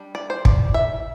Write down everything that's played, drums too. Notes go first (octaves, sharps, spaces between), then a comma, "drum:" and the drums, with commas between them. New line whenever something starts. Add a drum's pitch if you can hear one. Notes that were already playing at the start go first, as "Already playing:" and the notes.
Already playing: G3 D4
D5
C5
D5, drum: kick
E5